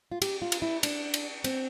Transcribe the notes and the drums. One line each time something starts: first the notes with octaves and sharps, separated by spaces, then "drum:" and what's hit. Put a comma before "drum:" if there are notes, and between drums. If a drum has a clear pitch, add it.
F4
G4, drum: cymbal
F4
drum: cymbal
E4
D4, drum: cymbal
drum: cymbal
C4, drum: cymbal